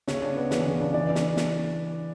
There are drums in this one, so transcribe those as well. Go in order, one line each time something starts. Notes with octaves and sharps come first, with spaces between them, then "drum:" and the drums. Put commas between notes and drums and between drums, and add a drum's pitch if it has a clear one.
C#3 C#5, drum: snare
D4
B3
E3, drum: snare
C#3
D4
E3 D5
drum: snare
drum: snare